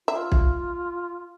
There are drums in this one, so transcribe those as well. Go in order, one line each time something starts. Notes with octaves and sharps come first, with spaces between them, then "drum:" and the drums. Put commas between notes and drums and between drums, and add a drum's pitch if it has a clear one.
F4 E5
drum: kick